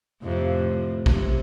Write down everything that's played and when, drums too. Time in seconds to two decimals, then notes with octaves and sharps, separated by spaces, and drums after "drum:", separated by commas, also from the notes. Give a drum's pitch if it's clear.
0.22 F2 A2 C3
0.65 A2
1.06 C3, drum: kick A#1